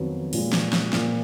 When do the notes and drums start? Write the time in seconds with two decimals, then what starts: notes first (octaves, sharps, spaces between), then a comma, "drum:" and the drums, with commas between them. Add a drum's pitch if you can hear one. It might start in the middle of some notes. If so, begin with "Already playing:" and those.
Already playing: F2 D#3 F#3 B3
0.33 A#2 F3 G#3, drum: open hi-hat
0.53 drum: snare
0.73 drum: snare
0.93 A#2 F3 A#3, drum: snare